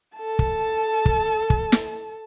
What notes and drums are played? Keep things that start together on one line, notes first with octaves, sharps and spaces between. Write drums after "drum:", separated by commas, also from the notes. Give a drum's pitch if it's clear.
A4 A5
drum: kick
drum: kick
drum: kick
drum: snare